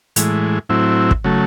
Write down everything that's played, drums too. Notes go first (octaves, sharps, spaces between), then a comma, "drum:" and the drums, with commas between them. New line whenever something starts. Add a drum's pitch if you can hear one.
A2 E3 G#3, drum: hi-hat
A2 F#3 C4 E4
drum: kick
C#3 F#3 A3